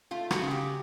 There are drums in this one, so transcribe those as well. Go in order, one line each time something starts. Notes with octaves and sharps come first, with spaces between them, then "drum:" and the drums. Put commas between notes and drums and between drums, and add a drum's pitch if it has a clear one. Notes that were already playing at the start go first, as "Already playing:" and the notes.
A3 F4
F#4, drum: rim click
C#3
G4